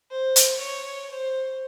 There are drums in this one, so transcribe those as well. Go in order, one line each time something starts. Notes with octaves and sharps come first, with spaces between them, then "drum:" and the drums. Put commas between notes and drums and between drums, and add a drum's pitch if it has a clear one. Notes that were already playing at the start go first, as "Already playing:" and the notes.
C5
drum: hi-hat
C#5
C5